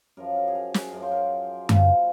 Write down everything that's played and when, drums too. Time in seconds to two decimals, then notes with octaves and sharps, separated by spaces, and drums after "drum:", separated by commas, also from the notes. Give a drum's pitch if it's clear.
0.17 F#2 F3 A#4
0.36 A#4
0.48 G#4
0.55 A#4
0.74 G#4, drum: snare
0.93 F#2 F3 A#4
1.02 C5
1.11 A#4
1.69 A#2 F3, drum: tom F#2